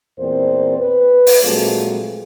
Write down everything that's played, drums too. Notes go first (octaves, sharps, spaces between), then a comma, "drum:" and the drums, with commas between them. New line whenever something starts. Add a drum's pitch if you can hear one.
E2 A#2 C4 A#4 C5 D5
B4
drum: open hi-hat
A#2 F3 F#3 G#3 A3 C4